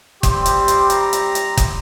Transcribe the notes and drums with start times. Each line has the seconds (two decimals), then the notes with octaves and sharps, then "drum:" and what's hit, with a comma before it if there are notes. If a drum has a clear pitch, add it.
0.23 G3 C4 G4 C6, drum: kick F#1, hi-hat
0.46 drum: hi-hat
0.68 drum: hi-hat
0.90 A#5, drum: hi-hat
1.13 drum: hi-hat
1.35 drum: hi-hat
1.57 drum: kick F#1, hi-hat